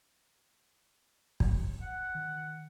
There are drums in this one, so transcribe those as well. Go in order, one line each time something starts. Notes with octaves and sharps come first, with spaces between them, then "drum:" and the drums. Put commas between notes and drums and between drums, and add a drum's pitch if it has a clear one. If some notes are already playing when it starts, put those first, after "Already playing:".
drum: kick
F#5
D#3